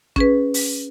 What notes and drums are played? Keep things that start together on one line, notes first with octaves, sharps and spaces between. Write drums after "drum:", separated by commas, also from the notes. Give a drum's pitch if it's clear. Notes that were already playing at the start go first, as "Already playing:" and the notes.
C#4 G#4 B4, drum: kick
drum: open hi-hat